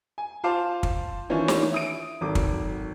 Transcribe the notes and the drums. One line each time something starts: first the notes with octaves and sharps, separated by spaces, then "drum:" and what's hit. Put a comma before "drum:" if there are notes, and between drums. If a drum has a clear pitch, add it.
G#5
F4 C5 F5 A5 C6 D6
drum: kick
D#3 E3 C#4 D4 F4 C#5
drum: snare
E4 D#6 D7
G#1 F#3 A4 D6
drum: kick